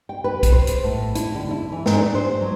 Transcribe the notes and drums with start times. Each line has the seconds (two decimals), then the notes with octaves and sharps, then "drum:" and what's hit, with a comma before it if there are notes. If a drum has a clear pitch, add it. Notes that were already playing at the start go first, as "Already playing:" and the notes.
0.09 G5
0.24 B4
0.43 drum: kick B1, hi-hat
0.52 C5
0.67 drum: hi-hat
0.84 A2
1.15 E4, drum: hi-hat
1.35 D3
1.51 E4
1.72 E3
1.86 G#2, drum: snare
1.97 D4
2.15 C5
2.41 F#3